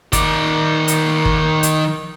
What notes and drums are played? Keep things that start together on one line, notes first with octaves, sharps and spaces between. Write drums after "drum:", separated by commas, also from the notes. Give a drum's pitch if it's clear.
D#3 D5, drum: kick, hi-hat
drum: hi-hat
drum: kick
drum: hi-hat